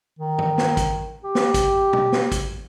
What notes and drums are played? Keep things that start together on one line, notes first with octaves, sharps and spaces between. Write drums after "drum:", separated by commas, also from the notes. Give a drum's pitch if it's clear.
D#3
drum: tom G2
drum: snare
drum: kick, hi-hat
G4
drum: snare
drum: kick, hi-hat
drum: tom
drum: snare
drum: kick, hi-hat